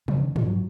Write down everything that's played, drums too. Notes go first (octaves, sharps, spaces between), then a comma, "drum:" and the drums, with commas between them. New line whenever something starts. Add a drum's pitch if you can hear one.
C#3, drum: tom
D#3
F3, drum: tom
F#3